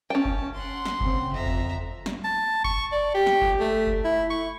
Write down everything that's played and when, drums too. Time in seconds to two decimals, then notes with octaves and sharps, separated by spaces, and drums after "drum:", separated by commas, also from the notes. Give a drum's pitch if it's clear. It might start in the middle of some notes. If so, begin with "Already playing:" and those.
0.10 C#4 G5 A5
0.25 drum: kick F#1
0.54 F#5 C6
0.86 drum: snare
1.01 C#3 C4, drum: kick F#1
1.33 F2 E5 A#5
1.46 drum: kick F#1
2.06 drum: snare
2.24 A5
2.64 C#6, drum: kick F#1
2.92 D5
3.14 G4
3.26 drum: snare
3.42 drum: kick F#1
3.60 A3
3.87 drum: kick F#1
4.04 E4
4.30 C#6